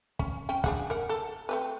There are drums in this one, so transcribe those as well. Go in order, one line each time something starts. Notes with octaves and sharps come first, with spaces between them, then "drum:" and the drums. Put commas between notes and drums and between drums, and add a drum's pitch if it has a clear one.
C#4, drum: kick
C#4 G5
D4 G#4 F#5, drum: kick
A#4 F#5
A4
A3 C4 B4